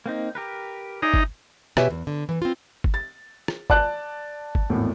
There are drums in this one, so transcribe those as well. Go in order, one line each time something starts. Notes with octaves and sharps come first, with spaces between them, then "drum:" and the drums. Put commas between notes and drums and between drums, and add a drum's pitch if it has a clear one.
A#3 C4 D#4
G4 A#4 B4
D#4 G#4 D5 E5
drum: kick G1
B2 G4 B4 C#5 E5 G#5, drum: rim click
E2
D3
E3
C4 F4
drum: kick G1
A6
drum: rim click
D5 A5 F#6, drum: kick G1
drum: kick G1
G#1 E2 A2